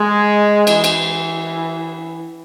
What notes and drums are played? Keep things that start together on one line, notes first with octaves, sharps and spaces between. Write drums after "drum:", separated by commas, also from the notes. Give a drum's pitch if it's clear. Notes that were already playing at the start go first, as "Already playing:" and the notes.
Already playing: G#3
E3, drum: cymbal
drum: cymbal